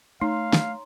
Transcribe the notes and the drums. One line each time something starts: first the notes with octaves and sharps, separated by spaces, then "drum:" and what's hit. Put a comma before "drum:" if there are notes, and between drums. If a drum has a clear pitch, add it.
A3 D#4 C#5 F5 A#5 C6
drum: snare